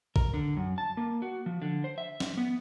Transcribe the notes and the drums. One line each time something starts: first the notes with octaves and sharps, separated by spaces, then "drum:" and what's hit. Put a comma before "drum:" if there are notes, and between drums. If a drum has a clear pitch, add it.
A#4, drum: kick A1
D3
F#2
A5
A#3
F#4
F3
D3
C5
E5
drum: snare
B3